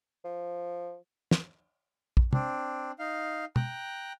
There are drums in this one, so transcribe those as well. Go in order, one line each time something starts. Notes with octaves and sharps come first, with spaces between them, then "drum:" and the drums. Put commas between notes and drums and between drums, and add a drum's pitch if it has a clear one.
F3
drum: snare
drum: kick A#1
C4 D4, drum: tom
D#4 F5
G5 A#5 F#6, drum: tom